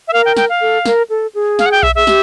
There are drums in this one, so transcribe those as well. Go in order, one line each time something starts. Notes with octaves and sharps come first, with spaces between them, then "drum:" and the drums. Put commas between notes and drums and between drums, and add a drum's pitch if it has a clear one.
E5
A#4 F5
G5
G5, drum: snare
F5
A4
A#4, drum: snare
A4
G#4
F5, drum: snare
F#5
G5
E5, drum: kick B1
G#4 E5
G4, drum: snare